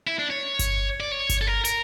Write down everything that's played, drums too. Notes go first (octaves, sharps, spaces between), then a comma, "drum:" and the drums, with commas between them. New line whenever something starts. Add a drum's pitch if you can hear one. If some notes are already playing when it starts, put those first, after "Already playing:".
E4
D4
C#5
drum: kick G1, hi-hat
D5
C#5
drum: kick G1, hi-hat
A4
A#4
A#4, drum: hi-hat